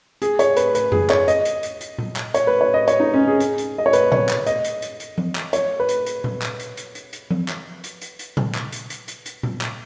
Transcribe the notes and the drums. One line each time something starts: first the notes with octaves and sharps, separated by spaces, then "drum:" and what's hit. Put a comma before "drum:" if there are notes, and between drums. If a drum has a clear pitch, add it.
G#4, drum: hi-hat
C#5, drum: hi-hat
B4, drum: hi-hat
B4, drum: hi-hat
G#4, drum: tom F2
C#5, drum: clap
D#5, drum: hi-hat
drum: hi-hat
drum: hi-hat
drum: hi-hat
drum: tom A#2
drum: clap
C#5, drum: hi-hat
B4
C#5
D#5
C#5, drum: hi-hat
D#4
C#4
G#4
drum: hi-hat
drum: hi-hat
D#5
C#5
B4, drum: hi-hat
C#5, drum: tom A#2
drum: clap
D#5, drum: hi-hat
drum: hi-hat
drum: hi-hat
drum: hi-hat
drum: tom F3
drum: clap
C#5, drum: hi-hat
B4
drum: hi-hat
drum: hi-hat
drum: tom A#2
drum: clap
drum: hi-hat
drum: hi-hat
drum: hi-hat
drum: hi-hat
drum: tom F3
drum: clap
drum: hi-hat
drum: hi-hat
drum: hi-hat
drum: tom A#2
drum: clap
drum: hi-hat
drum: hi-hat
drum: hi-hat
drum: hi-hat
drum: tom A#2
drum: clap